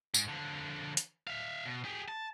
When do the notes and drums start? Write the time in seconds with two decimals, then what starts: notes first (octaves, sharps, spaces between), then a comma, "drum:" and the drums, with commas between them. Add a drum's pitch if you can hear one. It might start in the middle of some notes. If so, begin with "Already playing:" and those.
0.14 G#2, drum: tambourine
0.29 D3 F3
0.97 drum: hi-hat
1.27 E5 F5
1.65 B2
1.85 G4 G#4
2.08 A5